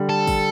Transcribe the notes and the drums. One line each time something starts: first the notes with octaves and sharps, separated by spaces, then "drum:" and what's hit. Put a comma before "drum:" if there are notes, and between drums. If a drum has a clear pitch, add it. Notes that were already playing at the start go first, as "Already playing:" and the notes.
Already playing: D3 G3
A4
drum: kick, open hi-hat